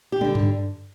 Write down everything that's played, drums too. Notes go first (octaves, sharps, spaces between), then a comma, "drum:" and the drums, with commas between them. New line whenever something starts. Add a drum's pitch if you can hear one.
G4
D3 G3, drum: tom
drum: tom G2